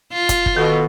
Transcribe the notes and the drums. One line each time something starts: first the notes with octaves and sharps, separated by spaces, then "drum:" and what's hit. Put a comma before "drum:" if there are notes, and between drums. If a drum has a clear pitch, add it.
F4
drum: kick, hi-hat
drum: kick
B2 D#3 A4